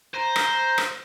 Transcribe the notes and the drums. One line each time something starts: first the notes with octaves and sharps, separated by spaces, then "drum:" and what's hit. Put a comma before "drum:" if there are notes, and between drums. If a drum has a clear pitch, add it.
C5 A#5
drum: rim click
drum: rim click